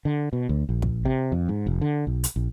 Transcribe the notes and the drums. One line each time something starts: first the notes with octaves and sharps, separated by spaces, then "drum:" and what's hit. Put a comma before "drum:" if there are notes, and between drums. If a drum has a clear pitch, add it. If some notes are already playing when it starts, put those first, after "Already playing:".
D3
B2
D2
A#1
drum: kick
C3
F2
G#2
F1
D3
B1
drum: hi-hat
A#1